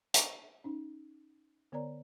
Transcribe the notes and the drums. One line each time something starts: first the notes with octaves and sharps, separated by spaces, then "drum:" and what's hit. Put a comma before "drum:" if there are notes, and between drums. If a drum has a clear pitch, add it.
A5 A#5 C#6 D6, drum: hi-hat
C#4 D#4
D3 B3 A#4 C#5 D5 A#5